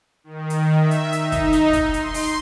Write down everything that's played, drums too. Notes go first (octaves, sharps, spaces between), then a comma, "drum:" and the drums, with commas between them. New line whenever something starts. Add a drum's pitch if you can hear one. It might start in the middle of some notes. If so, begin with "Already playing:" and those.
D#3
drum: hi-hat
E5
drum: hi-hat
D#4, drum: hi-hat
drum: kick, hi-hat
drum: hi-hat
drum: kick, hi-hat
C6, drum: hi-hat
drum: open hi-hat